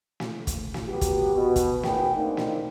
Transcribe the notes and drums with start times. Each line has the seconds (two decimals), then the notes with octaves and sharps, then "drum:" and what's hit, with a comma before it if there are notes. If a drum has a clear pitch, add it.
0.20 drum: snare
0.47 drum: kick, hi-hat
0.74 drum: snare
0.88 F#3 B3 G4
1.01 drum: kick, hi-hat
1.33 B2
1.56 drum: kick, hi-hat
1.83 D#2 F#4 G#4 B4 G5, drum: snare
2.15 A#3 C4 D4 D#4
2.37 drum: snare